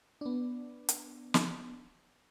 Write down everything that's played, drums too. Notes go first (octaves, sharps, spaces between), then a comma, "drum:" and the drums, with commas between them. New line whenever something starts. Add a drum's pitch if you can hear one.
B3 D4
drum: hi-hat
drum: snare